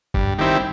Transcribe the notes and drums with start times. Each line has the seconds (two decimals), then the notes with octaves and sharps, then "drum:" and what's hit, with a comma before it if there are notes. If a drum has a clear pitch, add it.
0.14 G2, drum: kick G1
0.38 D#3 G3 C4 E4